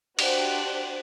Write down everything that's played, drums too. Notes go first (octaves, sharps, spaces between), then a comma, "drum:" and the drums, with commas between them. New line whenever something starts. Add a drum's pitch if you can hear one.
D4 F#4 G4 C5 F#6, drum: cymbal